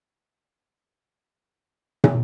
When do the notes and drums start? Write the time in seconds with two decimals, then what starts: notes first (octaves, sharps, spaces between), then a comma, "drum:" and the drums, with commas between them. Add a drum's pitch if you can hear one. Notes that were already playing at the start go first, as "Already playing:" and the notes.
0.18 G2 E3 G3 D4 F#4
2.04 drum: tom